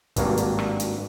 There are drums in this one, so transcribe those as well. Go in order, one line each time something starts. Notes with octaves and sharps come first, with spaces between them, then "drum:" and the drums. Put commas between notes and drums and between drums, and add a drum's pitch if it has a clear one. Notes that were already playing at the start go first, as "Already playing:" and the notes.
G#1 G2 F#3 A#3 D4, drum: kick, hi-hat
drum: hi-hat
drum: rim click
drum: hi-hat